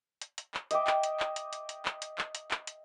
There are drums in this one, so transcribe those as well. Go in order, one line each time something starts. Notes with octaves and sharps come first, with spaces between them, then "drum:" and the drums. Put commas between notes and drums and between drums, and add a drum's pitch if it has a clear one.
drum: hi-hat
drum: hi-hat
drum: clap
D#5 E5 G5 D6, drum: hi-hat
drum: clap
drum: hi-hat
drum: clap
drum: hi-hat
drum: hi-hat
drum: hi-hat
drum: clap
drum: hi-hat
drum: clap
drum: hi-hat
drum: clap
drum: hi-hat